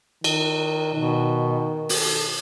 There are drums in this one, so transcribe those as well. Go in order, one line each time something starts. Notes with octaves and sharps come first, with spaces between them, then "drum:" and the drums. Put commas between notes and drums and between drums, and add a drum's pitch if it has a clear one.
D#3, drum: cymbal
B2 D#3
A4, drum: open hi-hat